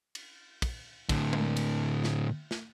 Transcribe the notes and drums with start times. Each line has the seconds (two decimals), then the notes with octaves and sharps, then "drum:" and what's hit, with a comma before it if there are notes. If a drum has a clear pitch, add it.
0.15 drum: cymbal
0.62 drum: kick, cymbal
1.09 A2 D3, drum: kick, cymbal
1.33 drum: tom G#3
1.57 drum: cymbal
2.04 drum: snare
2.51 drum: snare